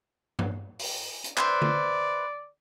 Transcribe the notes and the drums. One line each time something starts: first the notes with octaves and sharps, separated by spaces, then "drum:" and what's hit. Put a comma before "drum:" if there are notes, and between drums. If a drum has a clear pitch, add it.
drum: tom G2
drum: open hi-hat
drum: hi-hat
B4 C5 D5 E5, drum: clap
drum: tom